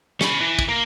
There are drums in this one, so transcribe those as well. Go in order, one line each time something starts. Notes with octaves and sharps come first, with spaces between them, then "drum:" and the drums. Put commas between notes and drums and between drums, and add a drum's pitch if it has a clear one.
C#4 B5, drum: snare
E3
drum: kick
A#3